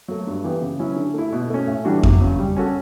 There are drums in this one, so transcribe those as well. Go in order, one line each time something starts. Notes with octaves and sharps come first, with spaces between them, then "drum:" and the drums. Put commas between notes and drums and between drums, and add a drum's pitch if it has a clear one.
F#3 A3
G2
E3 B3 E4 G4
C#3
F#3 C#4 E4
D3
A3 E4
B2
A3 C#4
A2
E3 G3 D4 F#4
E2, drum: kick F2
C#3 F#3
G3
C#4 F#4 A4